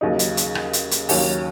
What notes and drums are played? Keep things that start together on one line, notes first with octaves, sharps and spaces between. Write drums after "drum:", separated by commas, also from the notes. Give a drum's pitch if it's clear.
D#2 C#3 F#3 D#4
drum: hi-hat
drum: hi-hat
drum: rim click
drum: hi-hat
drum: hi-hat
D#2 D#3 F#3 C#4, drum: open hi-hat